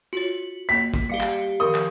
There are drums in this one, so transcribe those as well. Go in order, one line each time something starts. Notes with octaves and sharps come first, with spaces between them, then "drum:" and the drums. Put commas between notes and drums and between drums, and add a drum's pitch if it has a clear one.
F4 F#4 C#5
A#3 C#5 B6
drum: kick
G3 G4 F5 C#7
drum: clap
D#3 F3 A#4 D#6
drum: clap